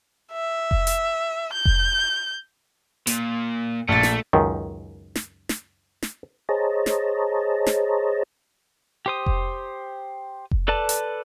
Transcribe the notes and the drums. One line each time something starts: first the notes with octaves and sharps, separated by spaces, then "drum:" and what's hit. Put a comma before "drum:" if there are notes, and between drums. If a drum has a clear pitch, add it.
E5
drum: kick F1
drum: hi-hat
G6
drum: kick F1
A#2, drum: hi-hat
A#1 A3 A6
drum: snare
C#2 F#2 D#3
drum: snare
drum: snare
drum: snare
G#4 C5 C#5 D#5 A5 A#5
drum: snare
drum: snare
G4 C5 D#6
drum: kick F1
drum: kick F1
A4 B4 D5 A5
drum: hi-hat